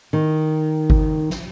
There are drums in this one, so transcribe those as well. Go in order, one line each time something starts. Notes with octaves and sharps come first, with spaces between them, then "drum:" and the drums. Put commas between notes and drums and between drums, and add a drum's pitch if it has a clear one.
D#3
drum: kick G1
drum: snare